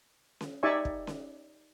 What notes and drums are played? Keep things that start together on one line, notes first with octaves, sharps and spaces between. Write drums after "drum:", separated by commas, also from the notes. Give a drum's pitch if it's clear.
drum: snare C#4
D#4 G4 D5 E5 G#5 C#6
drum: kick
drum: snare C#4